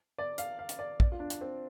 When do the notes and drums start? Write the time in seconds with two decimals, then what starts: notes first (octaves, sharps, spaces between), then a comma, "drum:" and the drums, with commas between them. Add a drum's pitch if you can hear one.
0.18 D5
0.38 F5, drum: hi-hat
0.59 F5
0.69 drum: hi-hat
0.79 D5
1.00 D5, drum: kick
1.12 F4
1.20 D4
1.30 drum: hi-hat
1.41 C4